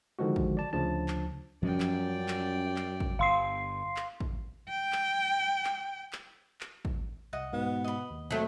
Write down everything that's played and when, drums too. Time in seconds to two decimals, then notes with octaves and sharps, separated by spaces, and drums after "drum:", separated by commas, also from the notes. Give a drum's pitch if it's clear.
0.19 D3 D#3 F3 G#3 F#4
0.36 drum: kick A1
0.57 D5 A5
0.73 D2 C#3 F3 D4 A5
1.08 drum: clap
1.62 F#2 F3 G3 C#4 D5 G5
1.80 drum: clap
2.28 drum: clap
2.76 drum: clap
3.00 drum: kick A1
3.19 G1 G2 F5 C6 C7
3.96 drum: clap
4.20 drum: kick A1
4.69 G5
4.93 drum: clap
5.65 drum: clap
6.13 drum: clap
6.61 drum: clap
6.85 drum: kick A1
7.33 C2 D#5 F#5
7.53 G#2 B2 B3
7.84 D#5 B5
8.10 D#2
8.30 F#3 A3 C4